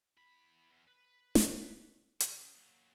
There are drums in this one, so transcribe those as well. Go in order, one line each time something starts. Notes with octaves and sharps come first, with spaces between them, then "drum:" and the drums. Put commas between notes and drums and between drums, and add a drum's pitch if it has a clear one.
E2 B5
E2
B4
drum: snare
C#3, drum: hi-hat
A#2 F#3